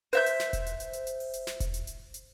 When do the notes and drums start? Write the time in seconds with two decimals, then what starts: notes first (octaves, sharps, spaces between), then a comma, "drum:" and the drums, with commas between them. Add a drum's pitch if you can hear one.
0.13 C5 E5 G6, drum: open hi-hat
0.26 drum: hi-hat
0.40 drum: snare
0.53 drum: kick E1, hi-hat
0.66 drum: hi-hat
0.80 drum: hi-hat
0.93 drum: hi-hat
1.07 drum: hi-hat
1.20 drum: open hi-hat
1.34 drum: hi-hat
1.47 drum: snare
1.60 drum: kick E1, hi-hat
1.74 drum: hi-hat
1.87 drum: hi-hat
2.14 drum: hi-hat